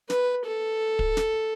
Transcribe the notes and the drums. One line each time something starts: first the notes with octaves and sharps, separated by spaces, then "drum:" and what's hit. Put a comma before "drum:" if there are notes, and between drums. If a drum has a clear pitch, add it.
B4, drum: snare
A4
drum: kick
drum: snare